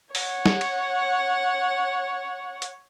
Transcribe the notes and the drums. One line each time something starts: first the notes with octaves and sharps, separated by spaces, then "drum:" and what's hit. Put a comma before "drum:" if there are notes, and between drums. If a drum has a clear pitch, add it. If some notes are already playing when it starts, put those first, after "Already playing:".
C#5 F#5, drum: open hi-hat
drum: snare
drum: cymbal
drum: hi-hat